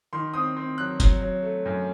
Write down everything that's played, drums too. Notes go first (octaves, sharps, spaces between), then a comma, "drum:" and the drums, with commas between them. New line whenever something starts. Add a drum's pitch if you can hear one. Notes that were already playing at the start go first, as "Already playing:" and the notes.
D#3 C6
C4 D#6
C4
F#3 F#6
F#3, drum: kick F#1, hi-hat
F#3
A3
F#2